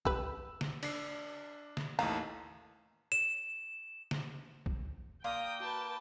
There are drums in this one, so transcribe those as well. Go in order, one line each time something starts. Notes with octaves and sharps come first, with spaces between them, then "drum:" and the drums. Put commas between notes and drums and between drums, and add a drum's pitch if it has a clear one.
G4 B4 E6, drum: kick B1
drum: snare
D4 C7, drum: cymbal
drum: snare
A1 D#2 A2 F5 A#5
E7
drum: snare
drum: kick B1
A#3 D5 F5 G5 A#5 C6 D#6
F#4 B4 A5